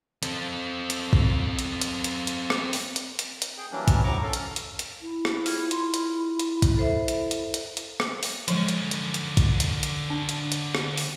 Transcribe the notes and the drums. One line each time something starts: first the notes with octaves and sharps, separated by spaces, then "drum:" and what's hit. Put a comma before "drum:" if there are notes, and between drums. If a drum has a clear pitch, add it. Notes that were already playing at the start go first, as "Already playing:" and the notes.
C4 A4, drum: hi-hat
drum: hi-hat
drum: kick
drum: hi-hat
drum: hi-hat
drum: hi-hat
drum: hi-hat
drum: rim click
drum: open hi-hat
drum: hi-hat
drum: hi-hat
drum: hi-hat
G#4 G5
E3 F#3 G3 A#3 C#4 D4
drum: kick, hi-hat
A2 F3 F#3 A#5 C#6 D6
C#4 A4 F5
drum: hi-hat
drum: hi-hat
drum: hi-hat
E4
drum: rim click
F4 G#4, drum: open hi-hat
C6, drum: hi-hat
drum: hi-hat
drum: hi-hat
drum: kick, hi-hat
A4 C5 E5
drum: hi-hat
drum: hi-hat
drum: hi-hat
drum: hi-hat
drum: rim click
drum: open hi-hat
D3 F3 F#3 G#3 C#4, drum: hi-hat
drum: hi-hat
drum: hi-hat
drum: hi-hat
drum: kick, hi-hat
drum: hi-hat
drum: hi-hat
D4
drum: hi-hat
drum: hi-hat
drum: rim click
drum: open hi-hat